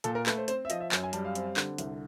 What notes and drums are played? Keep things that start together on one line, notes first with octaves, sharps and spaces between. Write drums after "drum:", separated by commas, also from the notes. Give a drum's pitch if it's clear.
A#2 A4, drum: hi-hat
A#4
A3 B4, drum: clap
C5
C4 C5, drum: hi-hat
E5
F3 D#5, drum: hi-hat
E5
F#2, drum: clap
G#5
G3 A5, drum: hi-hat
F5
C4, drum: hi-hat
D3, drum: clap
C2, drum: hi-hat